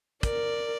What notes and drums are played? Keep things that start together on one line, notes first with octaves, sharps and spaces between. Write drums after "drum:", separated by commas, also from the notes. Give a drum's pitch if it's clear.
A#4 D5, drum: kick, hi-hat